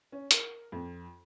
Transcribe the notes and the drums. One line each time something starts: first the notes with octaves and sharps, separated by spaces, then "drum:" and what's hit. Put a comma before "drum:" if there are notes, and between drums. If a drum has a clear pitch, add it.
C#4
A#4, drum: hi-hat
F2